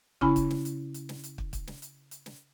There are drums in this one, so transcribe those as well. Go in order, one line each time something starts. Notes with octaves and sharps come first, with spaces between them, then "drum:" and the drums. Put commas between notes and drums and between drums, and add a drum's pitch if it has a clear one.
C#3 C#4 E4 G#5 B5, drum: kick
drum: kick, hi-hat
drum: snare
drum: hi-hat
drum: hi-hat
drum: snare
drum: hi-hat
drum: kick
drum: kick, hi-hat
drum: snare
drum: hi-hat
drum: hi-hat
drum: snare